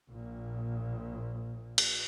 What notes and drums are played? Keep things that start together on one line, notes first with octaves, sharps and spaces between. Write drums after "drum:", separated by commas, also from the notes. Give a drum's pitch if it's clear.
A#1 A#2
drum: cymbal